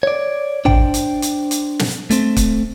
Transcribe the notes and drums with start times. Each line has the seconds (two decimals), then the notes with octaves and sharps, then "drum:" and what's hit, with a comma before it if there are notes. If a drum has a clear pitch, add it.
0.03 C#5 D5
0.65 D4 C5 G5, drum: tom A1
0.94 drum: hi-hat
1.22 drum: hi-hat
1.51 drum: hi-hat
1.79 drum: snare
2.11 A3 C4, drum: hi-hat
2.37 drum: kick, hi-hat